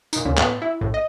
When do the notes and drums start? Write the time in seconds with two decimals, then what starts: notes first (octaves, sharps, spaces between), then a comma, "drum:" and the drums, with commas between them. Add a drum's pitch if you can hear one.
0.13 A#2 D#4, drum: tambourine
0.25 D2 A#2 C#3
0.37 A2 B3, drum: clap
0.62 E4
0.81 A#1 A2
0.94 D#5